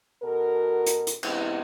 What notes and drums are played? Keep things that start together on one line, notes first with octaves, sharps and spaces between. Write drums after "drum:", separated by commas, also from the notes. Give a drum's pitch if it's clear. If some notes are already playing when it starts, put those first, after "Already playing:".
B2 F#4 A4 A#4
drum: hi-hat
drum: hi-hat
E2 C3 G#3 B3 E4, drum: cymbal